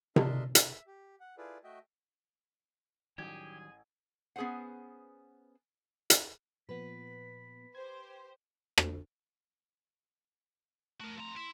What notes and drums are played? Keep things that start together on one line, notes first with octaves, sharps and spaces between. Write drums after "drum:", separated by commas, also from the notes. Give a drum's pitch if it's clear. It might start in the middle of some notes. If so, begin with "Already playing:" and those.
D4 A4 A#4 D#5 E5 C6, drum: tom C3
E5, drum: hi-hat
G4
F#5
E4 F4 G#4 A4 B4 D5
A3 F#4 D#5 E5 G5
A1 D#3 F#3 G3 G4 G#4 G#5 G#6
B3 C#4 G#4 B4 C5 F#5
drum: hi-hat
A#2 F3 B3 B4 B6
G4 C5 G#6
drum: rim click
A3 F#4 A#4
F2 A#5 C6
E4